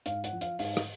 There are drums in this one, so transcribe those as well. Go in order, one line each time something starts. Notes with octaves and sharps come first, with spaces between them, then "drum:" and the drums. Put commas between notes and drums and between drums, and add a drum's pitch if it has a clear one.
G#2 F5, drum: hi-hat
F#5, drum: hi-hat
F3
F5, drum: hi-hat
G#2 F5, drum: open hi-hat
drum: rim click